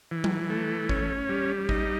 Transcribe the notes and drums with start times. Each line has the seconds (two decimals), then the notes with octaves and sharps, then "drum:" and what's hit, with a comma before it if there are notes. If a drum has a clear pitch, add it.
0.11 E3
0.24 drum: tom F#3
0.50 A3
0.89 C#4, drum: kick G#1
1.29 G3
1.69 D#4, drum: kick G#1